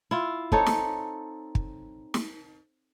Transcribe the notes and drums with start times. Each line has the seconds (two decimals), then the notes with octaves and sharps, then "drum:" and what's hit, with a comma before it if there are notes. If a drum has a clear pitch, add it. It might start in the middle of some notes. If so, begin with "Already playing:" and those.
0.11 E4 F4
0.52 C4 D#4 A4 C#5, drum: kick
0.66 drum: snare
1.55 drum: kick
2.14 drum: snare